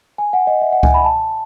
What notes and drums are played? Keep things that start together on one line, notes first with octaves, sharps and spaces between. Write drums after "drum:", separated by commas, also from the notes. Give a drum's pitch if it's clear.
G#5
F#5
D#5
E5
F#5
G#5, drum: kick C#2
B5
A5